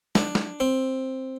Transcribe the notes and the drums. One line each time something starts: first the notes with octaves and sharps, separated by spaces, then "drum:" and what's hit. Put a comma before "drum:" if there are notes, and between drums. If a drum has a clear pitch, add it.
D4, drum: snare
drum: snare
C4